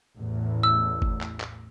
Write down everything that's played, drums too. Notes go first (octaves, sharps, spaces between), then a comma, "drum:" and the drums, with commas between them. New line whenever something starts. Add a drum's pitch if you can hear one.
A1 E2 A2
E6
drum: kick G1
drum: clap
drum: clap